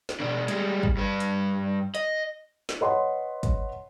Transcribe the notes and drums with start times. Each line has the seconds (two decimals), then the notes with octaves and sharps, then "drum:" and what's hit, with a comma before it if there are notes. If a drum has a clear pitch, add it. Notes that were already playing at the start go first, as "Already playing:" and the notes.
0.09 drum: snare
0.20 B2 D4
0.48 G3 G#3, drum: hi-hat
0.83 drum: kick
0.97 G2 B4
1.20 drum: hi-hat
1.95 D#5, drum: hi-hat
2.69 drum: snare
2.81 B4 C#5 D#5 F#5 B5 C6
3.43 drum: kick, hi-hat